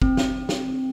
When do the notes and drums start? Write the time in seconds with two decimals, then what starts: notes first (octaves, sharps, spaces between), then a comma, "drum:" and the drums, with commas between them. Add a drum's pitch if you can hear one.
0.02 C4, drum: kick
0.17 drum: snare
0.49 drum: snare